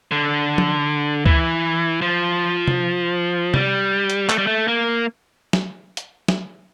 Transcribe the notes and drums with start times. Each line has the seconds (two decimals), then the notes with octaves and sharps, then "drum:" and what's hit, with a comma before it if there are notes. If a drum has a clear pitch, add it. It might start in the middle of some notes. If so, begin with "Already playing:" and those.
0.11 D3
0.58 drum: tom
1.26 E3, drum: kick C#2
2.02 F3
2.68 drum: tom C3
3.54 G3, drum: tom C3
4.10 drum: hi-hat
4.29 A3, drum: clap
4.38 G3
4.47 A3
4.68 A#3
5.53 drum: snare
5.97 drum: hi-hat
6.28 drum: snare